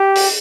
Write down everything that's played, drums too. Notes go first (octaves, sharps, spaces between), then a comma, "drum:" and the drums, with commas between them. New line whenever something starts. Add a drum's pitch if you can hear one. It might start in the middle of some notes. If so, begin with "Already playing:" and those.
Already playing: G4
drum: open hi-hat